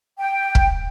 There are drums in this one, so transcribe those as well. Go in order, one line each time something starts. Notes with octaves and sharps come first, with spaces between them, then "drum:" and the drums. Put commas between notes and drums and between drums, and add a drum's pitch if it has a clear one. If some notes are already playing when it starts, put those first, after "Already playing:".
G5
drum: kick